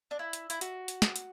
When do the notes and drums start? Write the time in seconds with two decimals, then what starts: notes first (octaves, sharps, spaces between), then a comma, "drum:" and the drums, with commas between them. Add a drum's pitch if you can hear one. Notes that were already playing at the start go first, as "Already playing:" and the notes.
0.11 D4
0.19 E4
0.33 drum: hi-hat
0.50 E4, drum: hi-hat
0.61 F#4, drum: hi-hat
0.88 drum: hi-hat
1.02 drum: snare
1.16 drum: hi-hat